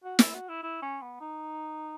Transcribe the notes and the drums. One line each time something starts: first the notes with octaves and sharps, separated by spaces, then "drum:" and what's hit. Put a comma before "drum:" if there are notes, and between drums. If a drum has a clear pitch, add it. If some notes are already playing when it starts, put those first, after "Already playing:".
F#4
E4, drum: snare
F#4
E4
E4
C#4
B3
D#4